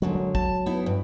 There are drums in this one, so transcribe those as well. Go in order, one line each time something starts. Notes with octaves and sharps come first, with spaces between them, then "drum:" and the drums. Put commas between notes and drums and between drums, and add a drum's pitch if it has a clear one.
D3 F#3 G#3 A#3
F#3
A5, drum: kick
B3 D#4 E4
G2